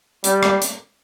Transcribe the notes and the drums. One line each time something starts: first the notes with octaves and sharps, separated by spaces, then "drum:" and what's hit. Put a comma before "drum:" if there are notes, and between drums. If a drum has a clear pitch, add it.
G3, drum: hi-hat
drum: rim click
drum: hi-hat